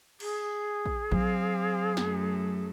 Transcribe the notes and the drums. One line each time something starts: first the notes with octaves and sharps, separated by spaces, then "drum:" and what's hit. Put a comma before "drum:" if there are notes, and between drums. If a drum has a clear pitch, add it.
G#4, drum: cymbal
drum: kick A#1
F#3 C4 F5, drum: kick A#1
F#2 A3, drum: snare